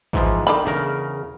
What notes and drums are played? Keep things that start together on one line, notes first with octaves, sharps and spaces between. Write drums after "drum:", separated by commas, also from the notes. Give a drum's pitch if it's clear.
G#2 E3 F3, drum: kick
D#3 D4 A4 B5, drum: hi-hat
E2 C#3 A#4